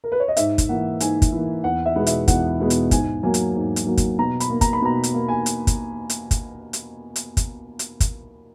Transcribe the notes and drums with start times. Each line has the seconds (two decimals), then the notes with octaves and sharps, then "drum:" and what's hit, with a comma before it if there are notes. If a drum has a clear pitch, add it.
0.04 A#4
0.12 B4
0.20 C#5
0.28 D#5
0.37 G#2 E5, drum: hi-hat
0.58 drum: kick, hi-hat
0.69 E3 A#3 F#5
1.00 G#2 G#5, drum: hi-hat
1.22 drum: kick, hi-hat
1.32 E3 A#3
1.64 E2 F#5
1.86 E5
1.96 B2 G#3 B3
2.07 E5, drum: hi-hat
2.28 E2 F#5, drum: kick, hi-hat
2.60 B2 G#3 B3
2.70 drum: hi-hat
2.91 G#2 G#5, drum: kick, hi-hat
3.23 F#3 A#3 G#5
3.34 drum: hi-hat
3.55 G#2
3.76 drum: hi-hat
3.87 F#3 A#3
3.97 drum: kick, hi-hat
4.19 B2 A#5
4.40 B5, drum: hi-hat
4.50 A#3
4.61 A#5, drum: kick, hi-hat
4.73 B5
4.82 B2 A#5
5.03 drum: hi-hat
5.14 A#3
5.28 G#5
5.46 drum: hi-hat
5.67 drum: kick, hi-hat
6.10 drum: hi-hat
6.31 drum: kick, hi-hat
6.73 drum: hi-hat
7.16 drum: hi-hat
7.37 drum: kick, hi-hat
7.79 drum: hi-hat
8.00 drum: kick, hi-hat